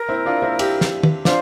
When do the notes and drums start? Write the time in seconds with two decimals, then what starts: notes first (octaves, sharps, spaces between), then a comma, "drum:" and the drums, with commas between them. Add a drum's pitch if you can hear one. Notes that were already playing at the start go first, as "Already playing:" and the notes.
Already playing: A#4
0.09 C4 E4
0.26 D4 F4
0.42 C4 E4
0.59 E4 G4, drum: cymbal
0.81 drum: snare
1.03 drum: tom
1.25 D4 F4 C5, drum: snare